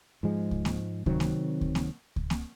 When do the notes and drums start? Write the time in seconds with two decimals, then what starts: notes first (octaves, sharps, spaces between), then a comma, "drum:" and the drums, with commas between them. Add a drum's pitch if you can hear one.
0.23 G#2 F3 G#3
0.51 drum: kick C#2
0.65 drum: snare A#3
1.06 C3 D#3 F#3 C4, drum: kick C#2
1.20 drum: snare A#3
1.61 drum: kick C#2
1.75 drum: snare A#3
2.16 drum: kick C#2
2.30 drum: snare A#3